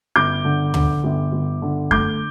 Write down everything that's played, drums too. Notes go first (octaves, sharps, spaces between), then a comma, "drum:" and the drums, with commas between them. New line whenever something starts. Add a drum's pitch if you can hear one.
G1 D6 G6
D3
D3, drum: tom
G1
G1
D3
A3 D6 G6, drum: kick F#2